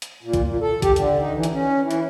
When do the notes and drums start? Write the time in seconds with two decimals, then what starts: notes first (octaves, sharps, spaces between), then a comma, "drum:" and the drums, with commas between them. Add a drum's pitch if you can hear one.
0.02 drum: hi-hat
0.23 A#2
0.33 drum: kick A#1, hi-hat
0.45 A#2
0.61 A4
0.82 G4, drum: kick A#1, hi-hat
0.96 D3, drum: hi-hat
1.20 D#4
1.34 E3
1.43 drum: hi-hat
1.53 C#4
1.81 E3
1.91 drum: hi-hat